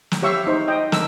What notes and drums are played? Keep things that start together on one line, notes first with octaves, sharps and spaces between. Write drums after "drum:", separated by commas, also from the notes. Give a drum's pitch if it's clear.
drum: snare
G4 C#5 E5 F5 C#6 E6
D#4 C5
D#5 G5
D4 A#4 E6, drum: snare